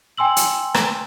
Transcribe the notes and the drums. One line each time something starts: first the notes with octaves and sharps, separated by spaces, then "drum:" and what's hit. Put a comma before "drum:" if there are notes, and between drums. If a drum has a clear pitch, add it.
G5 G#5 C6 E6 F#7
drum: hi-hat
drum: rim click